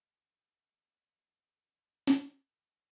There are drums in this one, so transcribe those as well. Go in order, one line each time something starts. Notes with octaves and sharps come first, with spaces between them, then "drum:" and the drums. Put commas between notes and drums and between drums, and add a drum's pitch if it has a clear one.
B1 G#4
A2 D#4
D3 A3
B1 C3 G#3 F4
B1 D4 C5
drum: snare
E2 F3 E5